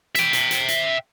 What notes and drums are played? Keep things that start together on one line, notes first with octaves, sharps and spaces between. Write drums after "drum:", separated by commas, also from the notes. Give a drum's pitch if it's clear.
E5 G5, drum: hi-hat
drum: hi-hat
drum: hi-hat
drum: hi-hat